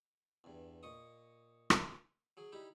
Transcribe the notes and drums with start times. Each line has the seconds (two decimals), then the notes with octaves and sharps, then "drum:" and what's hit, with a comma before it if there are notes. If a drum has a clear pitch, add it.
0.44 E2 G2
0.83 A#2 D#5 C#6 D#6
1.70 drum: rim click
2.37 F#3 G#4
2.52 G3 D#4 E4 G4